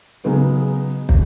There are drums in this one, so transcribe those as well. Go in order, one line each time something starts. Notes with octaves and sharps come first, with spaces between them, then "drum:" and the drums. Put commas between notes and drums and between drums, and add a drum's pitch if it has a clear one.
C#3 F#3 G#3 B3 D#4
drum: kick